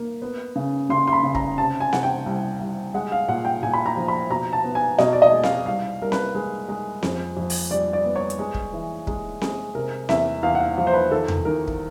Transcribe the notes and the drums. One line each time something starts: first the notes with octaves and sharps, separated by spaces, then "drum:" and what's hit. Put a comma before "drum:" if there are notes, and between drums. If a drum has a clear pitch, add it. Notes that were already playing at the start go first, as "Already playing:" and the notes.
Already playing: A#3
B3
C#3
C#3 C6
C6
B5
C#3
A#5, drum: kick
C3 A5
G#5
C3 F#5, drum: snare C4
G5
C2
C2
G#3 F#5
F5
A#2 F#5
G5
A#2 G#5
B5
A#5
F3
B5
B2 A#5
A5
B3
G#5
B2 D#5, drum: snare C4
D5
D#5
G#3
F5, drum: snare C4
C2 F5
C2 A#4
B4, drum: snare C4
G#3
G#3
F2, drum: snare C4
F2
drum: open hi-hat
G3 D5
D5
B3
C#5
drum: hi-hat
G#3
drum: kick
E3
G#3, drum: kick
G#3, drum: snare C4
C3 A#4
E2 E5, drum: snare C4
E2 F5
F#5
F5
F3 F5
C5
B4
D#3 A4
drum: tom E2
D#3 A#4
drum: kick